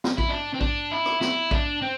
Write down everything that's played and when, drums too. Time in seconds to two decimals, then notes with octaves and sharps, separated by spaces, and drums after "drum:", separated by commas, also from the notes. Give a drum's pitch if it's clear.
0.04 drum: snare
0.18 E4, drum: kick
0.30 D4
0.54 C4
0.61 D4, drum: kick
0.91 E4
1.06 drum: rim click
1.21 E4, drum: snare
1.51 D4, drum: kick
1.82 C4